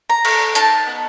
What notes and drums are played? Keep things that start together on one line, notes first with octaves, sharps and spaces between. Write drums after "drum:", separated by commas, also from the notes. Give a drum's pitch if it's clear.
A#5
A3, drum: cymbal
D#4 A5, drum: hi-hat
B3